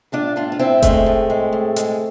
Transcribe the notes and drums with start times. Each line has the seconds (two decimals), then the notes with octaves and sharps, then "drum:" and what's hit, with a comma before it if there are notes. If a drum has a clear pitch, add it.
0.12 A2 D4 F4
0.36 A2 D4 F4
0.52 F4
0.59 A2 C4 E4
0.82 G#3 A3 C4, drum: kick F1, hi-hat
1.06 A2
1.30 G#3
1.52 A2
1.76 G#3, drum: hi-hat